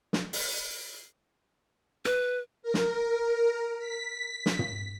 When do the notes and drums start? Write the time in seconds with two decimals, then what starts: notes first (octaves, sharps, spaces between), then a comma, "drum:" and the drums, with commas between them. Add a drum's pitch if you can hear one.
0.13 drum: snare
0.33 drum: open hi-hat
2.05 B4, drum: rim click
2.63 A#4
2.74 drum: snare
3.79 B6
4.46 drum: snare
4.59 drum: tom